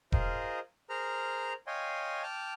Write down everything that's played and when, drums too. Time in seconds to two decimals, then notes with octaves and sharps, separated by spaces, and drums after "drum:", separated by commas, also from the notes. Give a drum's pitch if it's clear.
0.12 F4 G#4 A#4 C5 D#5, drum: kick E1
0.89 G#4 A#4 C5 A#5 F6
1.67 C#5 D#5 F5 G5 G#5 C6
2.23 G5 A5 D6 F6